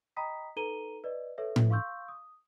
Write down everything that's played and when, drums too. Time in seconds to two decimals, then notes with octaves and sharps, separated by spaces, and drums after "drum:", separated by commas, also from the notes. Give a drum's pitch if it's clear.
0.17 D#5 G5 A#5 B5 D#6 B6
0.56 D#4 A4 B4 A#5 D#7 G7
1.04 B4 D5 D#5
1.38 A4 B4 C#5 E5
1.56 drum: tom A2
1.70 F5 C6 C#6 E6 G6
2.08 D#6